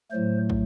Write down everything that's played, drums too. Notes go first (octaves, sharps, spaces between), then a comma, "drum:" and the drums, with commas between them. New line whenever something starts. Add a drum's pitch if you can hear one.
A2 F#3 A3 C5
drum: kick